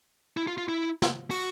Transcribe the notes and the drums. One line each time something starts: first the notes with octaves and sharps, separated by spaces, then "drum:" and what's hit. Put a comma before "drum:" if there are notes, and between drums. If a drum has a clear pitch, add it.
E4
F4
F4
E4
drum: snare
F#4, drum: open hi-hat